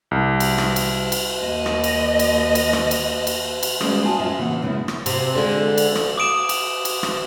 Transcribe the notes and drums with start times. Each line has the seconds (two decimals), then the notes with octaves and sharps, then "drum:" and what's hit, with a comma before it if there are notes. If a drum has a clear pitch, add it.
0.11 C2
0.40 drum: cymbal
0.58 drum: rim click
0.76 drum: cymbal
1.12 drum: cymbal
1.44 D#2 D#5
1.66 drum: rim click
1.84 drum: cymbal
2.19 drum: cymbal
2.55 drum: cymbal
2.73 drum: rim click
2.91 drum: cymbal
3.27 drum: cymbal
3.63 drum: cymbal
3.80 G3 G#3 B3 C#4 F#4 G#4, drum: rim click
4.04 B3 F4 F#4 G#5 A5
4.20 F#2 F4 A#4 D#5 E5
4.38 C#3 E3 A#3 C4 F#5
4.62 F#2 C#3 G#3 B3 D4 E4
4.88 drum: rim click
5.06 C3, drum: cymbal
5.35 D3 G#3
5.78 drum: cymbal
5.95 drum: rim click
6.17 D6 D#6 D7 E7
6.49 drum: cymbal
6.85 drum: cymbal
7.03 drum: rim click